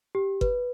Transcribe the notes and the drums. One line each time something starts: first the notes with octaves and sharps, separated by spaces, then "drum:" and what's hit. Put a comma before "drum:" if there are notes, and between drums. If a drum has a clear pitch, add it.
G4
B4, drum: kick G1